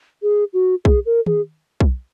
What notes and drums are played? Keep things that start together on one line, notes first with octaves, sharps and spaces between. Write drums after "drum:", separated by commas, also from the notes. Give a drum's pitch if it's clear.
G#4
F#4
G#4, drum: kick B1
A#4
G#4, drum: tom D#3
drum: kick B1